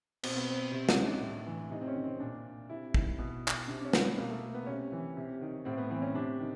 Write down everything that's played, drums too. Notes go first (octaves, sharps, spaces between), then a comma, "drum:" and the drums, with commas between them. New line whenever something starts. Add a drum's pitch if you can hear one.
B2 C4, drum: cymbal
B3
C4
C3 C4
C#4, drum: snare
D#3 D#4
D4
A2
E3
C3 D#4
C4
C#4
D#3
C4
A#2 D4
C3 E4
D#3, drum: kick
B2
drum: clap
C3 D4
D4
C#4
D#3, drum: snare
B3
B2 A#3
A3
B3
C3 C#4
E3
C3
D#3
A2 C4
B3
E3 C4
C#4
C3 D4
D#3